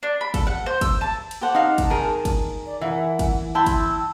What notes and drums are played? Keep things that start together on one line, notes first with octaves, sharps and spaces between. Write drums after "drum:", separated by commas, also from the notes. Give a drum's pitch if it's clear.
D4
B5
A4, drum: kick, cymbal
F#5
C5
E6, drum: kick, cymbal
A5
drum: cymbal
G4 C5 F#5 A5
D#4 F5
drum: kick, cymbal
D#3 G#4 A#4
drum: kick, cymbal
D5
E3 A#4 E5 F#5
drum: kick, cymbal
E4 G5 A5 C6 E6
drum: kick, cymbal